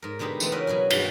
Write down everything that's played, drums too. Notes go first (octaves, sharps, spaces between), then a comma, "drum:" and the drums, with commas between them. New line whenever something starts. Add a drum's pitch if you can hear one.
G#2 A#4
B2 D3 G#3 D#4 G4 B5
E3 G#3 A3 B3 C4, drum: tambourine
C#3 C#4 E4 A#4 B4
B2 F#3 F#4 G#5
G2 D#3, drum: cymbal